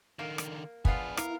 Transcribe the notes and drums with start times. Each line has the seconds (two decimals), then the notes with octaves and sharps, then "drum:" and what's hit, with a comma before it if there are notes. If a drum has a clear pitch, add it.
0.19 D3 D#3 A#3
0.38 drum: rim click
0.85 B3 D4 F4 G#4, drum: kick
1.17 E4 A#4 F5, drum: rim click